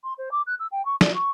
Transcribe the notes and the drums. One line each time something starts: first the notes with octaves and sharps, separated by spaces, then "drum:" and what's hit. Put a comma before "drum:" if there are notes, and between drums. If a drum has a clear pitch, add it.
C6
C5
D6
F#6
E6
G5
C#6
D5, drum: snare
C#6